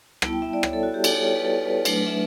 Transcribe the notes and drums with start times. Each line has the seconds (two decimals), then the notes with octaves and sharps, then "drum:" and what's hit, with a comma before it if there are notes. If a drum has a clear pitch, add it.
0.22 G3 B3 E4 A5, drum: rim click
0.33 G5
0.42 E5
0.53 D5
0.63 C#5, drum: rim click
0.73 A4
0.83 F#4
0.94 G4
1.04 A4, drum: cymbal
1.14 C#5
1.24 C#5
1.35 B4
1.45 A4
1.65 B4
1.85 F#3 A3 D4 B4, drum: cymbal
1.96 B4
2.06 E5